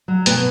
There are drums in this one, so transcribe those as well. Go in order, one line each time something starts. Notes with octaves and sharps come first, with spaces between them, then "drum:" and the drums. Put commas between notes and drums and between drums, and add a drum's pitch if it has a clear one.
F#3
B2 B3, drum: hi-hat